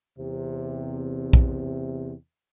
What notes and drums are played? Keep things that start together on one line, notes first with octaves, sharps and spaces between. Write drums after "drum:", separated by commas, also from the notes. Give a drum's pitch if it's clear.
E2 C3
drum: kick